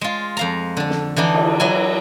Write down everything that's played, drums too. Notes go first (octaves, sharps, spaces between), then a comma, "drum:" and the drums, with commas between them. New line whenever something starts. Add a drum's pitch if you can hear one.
G#3 F4
F2 F5 A#5
D3 A4
drum: snare
D3 E3 D4 D#4
drum: cymbal
F#3 E4 G#5